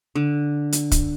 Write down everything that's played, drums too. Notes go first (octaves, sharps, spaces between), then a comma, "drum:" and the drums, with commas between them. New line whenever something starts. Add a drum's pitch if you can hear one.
D3
drum: hi-hat
drum: kick, hi-hat